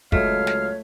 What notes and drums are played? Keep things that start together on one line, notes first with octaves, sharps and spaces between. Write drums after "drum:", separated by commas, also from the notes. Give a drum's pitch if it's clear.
C#2 F#3 A3 C#5 D#5 F5, drum: kick
drum: snare